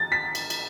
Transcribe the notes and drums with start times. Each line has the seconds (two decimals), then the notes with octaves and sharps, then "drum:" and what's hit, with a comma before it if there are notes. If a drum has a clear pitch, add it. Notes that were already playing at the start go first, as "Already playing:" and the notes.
Already playing: A6
0.12 B6
0.35 drum: cymbal
0.50 drum: cymbal